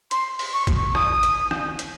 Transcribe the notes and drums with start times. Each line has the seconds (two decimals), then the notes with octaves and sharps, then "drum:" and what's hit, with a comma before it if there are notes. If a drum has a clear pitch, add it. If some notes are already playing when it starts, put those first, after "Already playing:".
0.11 C6, drum: hi-hat
0.39 drum: open hi-hat
0.53 C#6
0.67 drum: kick A1, hi-hat
0.95 D#6, drum: rim click
1.23 drum: hi-hat
1.51 drum: rim click
1.79 drum: hi-hat